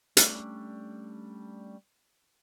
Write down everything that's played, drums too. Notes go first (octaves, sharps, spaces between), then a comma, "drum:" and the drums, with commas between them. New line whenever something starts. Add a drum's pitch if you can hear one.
G3 A3 C#4 D4 D5, drum: hi-hat